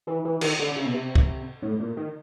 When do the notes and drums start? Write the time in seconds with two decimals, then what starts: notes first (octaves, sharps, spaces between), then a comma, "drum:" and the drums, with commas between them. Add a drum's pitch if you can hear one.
0.07 E3
0.25 E3
0.41 D#3, drum: cymbal
0.59 D3
0.76 C#3
0.86 B2
0.94 C3
1.15 drum: kick
1.62 A2
1.80 A#2
1.97 D#3